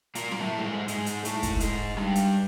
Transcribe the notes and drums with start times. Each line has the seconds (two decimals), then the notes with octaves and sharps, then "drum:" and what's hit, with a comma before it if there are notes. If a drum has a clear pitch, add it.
0.15 A#2 A#3, drum: hi-hat
0.32 A#3, drum: tom F#3
0.39 A2 A3
0.58 G3
0.63 G#2 G#3
0.88 G#2 G#3, drum: hi-hat
1.06 drum: hi-hat
1.25 A2 A3, drum: hi-hat
1.43 drum: kick, hi-hat
1.60 G#2 G#3, drum: hi-hat
1.97 G2 G3, drum: rim click
2.15 drum: hi-hat